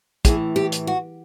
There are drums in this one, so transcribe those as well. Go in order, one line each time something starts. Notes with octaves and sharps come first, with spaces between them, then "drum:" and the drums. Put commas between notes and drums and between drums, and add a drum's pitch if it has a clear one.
A2 E3 G#4, drum: kick, hi-hat
G4
drum: hi-hat
F#4